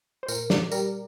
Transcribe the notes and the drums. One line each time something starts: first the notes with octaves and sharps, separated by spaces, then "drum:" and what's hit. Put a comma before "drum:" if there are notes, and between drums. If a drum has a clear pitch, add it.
C5
A#2 A#4, drum: tambourine
D5, drum: snare
G3 A#4, drum: tambourine